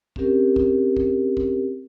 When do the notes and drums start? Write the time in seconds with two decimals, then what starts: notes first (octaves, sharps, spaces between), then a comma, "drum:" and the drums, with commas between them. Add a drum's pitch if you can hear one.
0.16 C4 C#4 G4 A#4, drum: kick
0.56 drum: kick
0.97 drum: kick
1.37 drum: kick